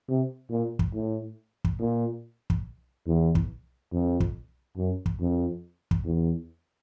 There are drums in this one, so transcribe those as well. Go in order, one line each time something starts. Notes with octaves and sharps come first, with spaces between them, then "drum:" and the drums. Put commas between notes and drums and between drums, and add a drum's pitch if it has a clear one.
C3
A#2
drum: kick
A2
drum: kick
A#2
drum: kick
E2
drum: kick
F2
drum: kick
F#2
drum: kick
F2
drum: kick
E2